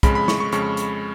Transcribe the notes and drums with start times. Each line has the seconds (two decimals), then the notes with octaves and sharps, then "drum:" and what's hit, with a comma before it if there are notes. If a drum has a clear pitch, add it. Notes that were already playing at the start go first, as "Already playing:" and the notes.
0.03 F2 C#3 G#3 B5, drum: kick, hi-hat
0.15 B5
0.28 C#6, drum: snare
0.40 C#6
0.52 F2 C#3 G#3 C#6, drum: hi-hat
0.77 drum: hi-hat